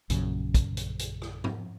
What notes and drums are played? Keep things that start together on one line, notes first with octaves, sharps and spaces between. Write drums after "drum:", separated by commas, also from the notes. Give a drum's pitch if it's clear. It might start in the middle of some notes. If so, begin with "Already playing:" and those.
A#1 F#2 C#3, drum: hi-hat
drum: kick, hi-hat
drum: hi-hat
drum: hi-hat
drum: rim click
drum: tom G#2